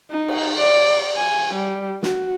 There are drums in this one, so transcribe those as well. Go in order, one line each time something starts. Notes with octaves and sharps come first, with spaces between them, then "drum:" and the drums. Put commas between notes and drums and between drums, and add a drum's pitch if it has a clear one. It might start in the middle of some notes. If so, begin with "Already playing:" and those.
D#4
drum: cymbal
D5
G#5
G3
F#4, drum: snare